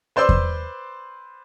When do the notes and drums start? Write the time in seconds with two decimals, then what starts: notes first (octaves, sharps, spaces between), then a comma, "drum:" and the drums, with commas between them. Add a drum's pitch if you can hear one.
0.16 B4 C5 D5 C6 E6
0.29 drum: kick E2